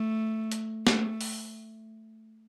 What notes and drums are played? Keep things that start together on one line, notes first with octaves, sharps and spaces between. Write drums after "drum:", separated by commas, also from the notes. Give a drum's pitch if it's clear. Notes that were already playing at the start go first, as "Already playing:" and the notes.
Already playing: A3
drum: hi-hat
A3, drum: snare
drum: open hi-hat